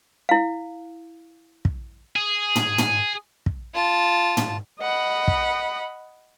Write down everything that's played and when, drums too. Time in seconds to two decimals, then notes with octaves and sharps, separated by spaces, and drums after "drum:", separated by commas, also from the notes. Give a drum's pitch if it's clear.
0.29 E4 F5
1.65 drum: kick
2.16 G#4
2.56 drum: tom
2.78 drum: tom
3.46 drum: kick
3.74 F4 A5
4.37 drum: tom
4.80 D#5 F#5 B5
5.28 drum: kick